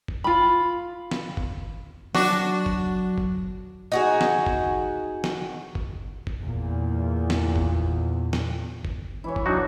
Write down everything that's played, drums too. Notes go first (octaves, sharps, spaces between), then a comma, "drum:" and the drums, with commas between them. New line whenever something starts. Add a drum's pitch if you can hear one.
drum: kick F#1
F4 B5
drum: snare
drum: kick F#1
F#3 D4 F#4, drum: snare
drum: kick F#1
drum: kick F#1
D#4 F#4 G#4
drum: snare
drum: kick F#1
drum: snare
drum: kick F#1
drum: kick F#1
E2 A#2
drum: snare
drum: kick F#1
drum: snare
drum: kick F#1
E3 E4 C#5
drum: kick F#1
F#3 D4 D#4 F#4